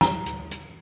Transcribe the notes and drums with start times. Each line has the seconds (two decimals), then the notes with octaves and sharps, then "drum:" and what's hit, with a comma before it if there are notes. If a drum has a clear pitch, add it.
0.01 A#5, drum: snare
0.26 drum: hi-hat
0.51 drum: hi-hat